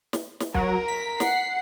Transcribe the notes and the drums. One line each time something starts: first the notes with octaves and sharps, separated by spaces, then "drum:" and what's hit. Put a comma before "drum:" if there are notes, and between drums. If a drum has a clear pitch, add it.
drum: snare
drum: snare
F#3 A#4 A#5, drum: kick
B6
F#5 C7, drum: snare